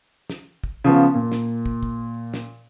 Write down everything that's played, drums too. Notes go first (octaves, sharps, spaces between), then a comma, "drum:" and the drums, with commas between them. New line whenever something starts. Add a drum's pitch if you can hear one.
drum: snare
drum: kick
C#3 F3 B3
A#2
drum: snare
drum: kick
drum: kick
drum: snare